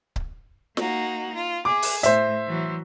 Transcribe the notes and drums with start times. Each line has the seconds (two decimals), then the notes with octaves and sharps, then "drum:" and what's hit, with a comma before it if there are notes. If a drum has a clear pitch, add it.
0.16 drum: kick C#1
0.77 A#3 D#4 F#4, drum: snare
1.34 F4
1.65 G#4 E5 D6
1.82 drum: open hi-hat
2.03 A2 C5 E5, drum: hi-hat
2.47 E3 F#3